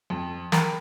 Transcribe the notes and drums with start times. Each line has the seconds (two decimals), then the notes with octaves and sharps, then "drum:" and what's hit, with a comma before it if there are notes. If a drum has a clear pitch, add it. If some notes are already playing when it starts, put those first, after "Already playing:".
0.10 F2
0.52 A#4 G5 A#5 B5, drum: snare